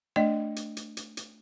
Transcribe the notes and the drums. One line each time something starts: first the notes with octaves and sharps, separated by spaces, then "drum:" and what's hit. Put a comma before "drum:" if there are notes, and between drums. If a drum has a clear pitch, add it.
A3 D4 D5 D#5 G5
drum: hi-hat
drum: hi-hat
drum: hi-hat
drum: hi-hat